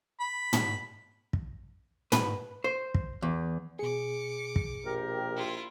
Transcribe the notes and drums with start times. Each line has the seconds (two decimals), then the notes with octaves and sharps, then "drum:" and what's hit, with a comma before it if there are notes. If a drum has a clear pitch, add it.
0.20 B5
0.53 drum: tom
1.33 drum: kick
2.12 B4, drum: tom
2.64 C5
2.94 drum: kick
3.22 E2
3.79 B2 G#4 D6 C#7
4.56 drum: kick
4.84 A#1 G4 A#4
5.36 E4 F4